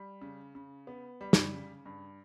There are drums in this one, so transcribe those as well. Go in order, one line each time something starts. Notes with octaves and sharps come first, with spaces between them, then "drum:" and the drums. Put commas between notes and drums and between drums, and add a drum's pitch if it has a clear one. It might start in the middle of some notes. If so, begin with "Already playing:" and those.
Already playing: G3
C#3
C#3
B3
G3
drum: snare
C#3
G2